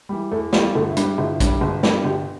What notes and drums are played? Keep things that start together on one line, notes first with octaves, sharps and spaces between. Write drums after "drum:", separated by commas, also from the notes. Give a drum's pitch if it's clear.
E3 G3
E2 A3 A4
E3 G3 G4, drum: snare
G1 A3 A4
E4
G2 G3, drum: hi-hat
G4
G1 E4
G2 G3, drum: kick, hi-hat
G1
G2 G3, drum: snare
G1 G4